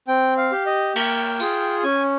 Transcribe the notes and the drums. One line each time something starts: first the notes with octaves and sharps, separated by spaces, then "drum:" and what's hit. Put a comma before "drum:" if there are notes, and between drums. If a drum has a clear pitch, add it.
C4 G5
F5
G4
D#5
A#3 G5, drum: cymbal
F4 G#4, drum: tambourine
C#4 G#5